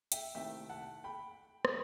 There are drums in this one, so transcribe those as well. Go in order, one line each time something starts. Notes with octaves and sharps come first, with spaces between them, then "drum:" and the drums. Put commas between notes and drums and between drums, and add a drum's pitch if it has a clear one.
E5 G5, drum: hi-hat
C2 C3 D#3 A3 E4 E5 G5
F#5 A5
G5 B5
D#6, drum: rim click